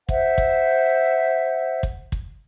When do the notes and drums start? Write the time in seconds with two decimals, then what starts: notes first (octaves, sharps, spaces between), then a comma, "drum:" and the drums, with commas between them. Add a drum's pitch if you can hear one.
0.09 C5 E5 F#5, drum: kick
0.38 drum: kick
1.83 drum: kick
2.12 drum: kick